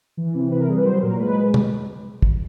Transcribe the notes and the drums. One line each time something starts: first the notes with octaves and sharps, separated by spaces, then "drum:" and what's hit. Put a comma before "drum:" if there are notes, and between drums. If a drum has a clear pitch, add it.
E3
C3
E3 B4
A#4
G3 G#4
B4
F#3 C5
A#2 A#4
G#3 B4
drum: tom B2
drum: kick